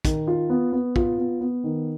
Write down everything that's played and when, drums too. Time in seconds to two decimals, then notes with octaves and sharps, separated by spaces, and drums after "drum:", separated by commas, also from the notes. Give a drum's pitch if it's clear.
0.05 D#3, drum: kick, hi-hat
0.27 F4
0.49 B3
0.72 B3
0.96 F4, drum: kick
1.18 B3
1.41 B3
1.64 D#3